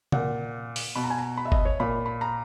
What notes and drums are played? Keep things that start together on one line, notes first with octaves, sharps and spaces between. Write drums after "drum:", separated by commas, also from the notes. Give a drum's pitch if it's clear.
A#2 F#5, drum: tom
drum: open hi-hat
B2 B5
A#5
G#5
A#5
B5
E5
D#5, drum: kick G1
C#5
A#2 B5
B5
A#5